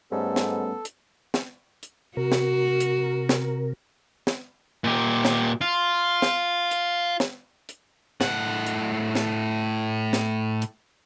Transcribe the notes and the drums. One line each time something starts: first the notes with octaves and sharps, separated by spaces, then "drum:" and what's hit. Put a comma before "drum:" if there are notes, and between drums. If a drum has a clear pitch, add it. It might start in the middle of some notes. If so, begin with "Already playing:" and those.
G#2 G3 A3 B3 C#4 A4
drum: snare
drum: hi-hat
drum: snare
drum: hi-hat
C3 F#4 A#4
drum: snare
drum: hi-hat
drum: snare
drum: snare
A#2 G4
drum: snare
F4
drum: snare
drum: hi-hat
drum: snare
drum: hi-hat
A2 F#5, drum: snare
drum: hi-hat
drum: snare
drum: snare
drum: hi-hat